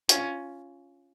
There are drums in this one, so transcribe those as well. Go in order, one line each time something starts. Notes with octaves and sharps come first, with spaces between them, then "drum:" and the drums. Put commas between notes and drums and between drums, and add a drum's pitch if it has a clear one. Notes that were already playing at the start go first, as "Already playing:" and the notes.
C#4 F4, drum: hi-hat